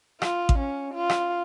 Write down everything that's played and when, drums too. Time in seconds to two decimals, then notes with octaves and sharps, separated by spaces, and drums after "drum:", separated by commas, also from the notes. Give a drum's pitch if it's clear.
0.22 F4, drum: rim click
0.49 drum: kick A1
0.59 C#4
0.94 F4
1.10 drum: rim click